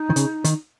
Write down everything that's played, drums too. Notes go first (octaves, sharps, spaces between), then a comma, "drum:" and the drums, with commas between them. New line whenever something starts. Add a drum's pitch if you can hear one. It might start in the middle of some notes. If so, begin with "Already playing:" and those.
Already playing: D#4
D#3
C#3, drum: hi-hat
D#3, drum: hi-hat